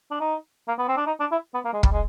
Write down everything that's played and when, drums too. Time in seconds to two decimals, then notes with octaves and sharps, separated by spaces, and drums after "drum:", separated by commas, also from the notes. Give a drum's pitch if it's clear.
0.11 D4
0.21 D#4
0.68 A#3
0.78 B3
0.88 C4
0.97 D4
1.07 D#4
1.20 D4
1.32 E4
1.54 B3
1.65 A#3
1.73 G#3
1.83 G3, drum: kick
1.92 G#3